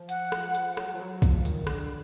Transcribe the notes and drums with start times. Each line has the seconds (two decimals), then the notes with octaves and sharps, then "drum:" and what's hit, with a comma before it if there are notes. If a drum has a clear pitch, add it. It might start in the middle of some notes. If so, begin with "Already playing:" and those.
Already playing: F3
0.09 F#5, drum: hi-hat
0.32 drum: rim click
0.55 drum: hi-hat
0.77 F#3, drum: rim click
0.94 F3
1.00 F#3
1.22 F3, drum: kick, hi-hat
1.45 D#3, drum: hi-hat
1.67 D3, drum: rim click